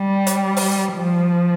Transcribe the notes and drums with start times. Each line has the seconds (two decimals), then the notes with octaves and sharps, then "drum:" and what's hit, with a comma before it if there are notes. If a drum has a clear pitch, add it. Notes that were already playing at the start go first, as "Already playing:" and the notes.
Already playing: G3
0.27 drum: hi-hat
0.57 drum: open hi-hat
0.94 F3